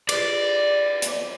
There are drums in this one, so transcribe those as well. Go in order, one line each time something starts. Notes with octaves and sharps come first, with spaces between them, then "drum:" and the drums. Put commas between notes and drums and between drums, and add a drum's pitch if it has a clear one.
D5, drum: cymbal
drum: hi-hat